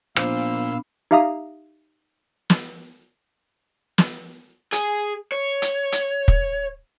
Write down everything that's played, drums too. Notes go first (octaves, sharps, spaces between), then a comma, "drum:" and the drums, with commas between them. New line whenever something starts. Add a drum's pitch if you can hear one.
A#2 F3 B3 D4 C5 F5 B5 E6, drum: rim click
D#4 G4 E5 F5 A#5 D#6
drum: snare
drum: snare
G#4, drum: hi-hat
C#5
drum: hi-hat
drum: hi-hat
drum: kick